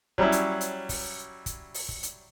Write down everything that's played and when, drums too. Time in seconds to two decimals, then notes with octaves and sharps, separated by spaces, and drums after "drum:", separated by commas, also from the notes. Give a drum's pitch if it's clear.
0.18 F#3 G3 C#4 E4, drum: kick
0.32 drum: hi-hat
0.61 drum: hi-hat
0.89 drum: kick, open hi-hat
1.46 drum: kick, hi-hat
1.74 drum: open hi-hat
1.89 drum: kick
2.03 drum: hi-hat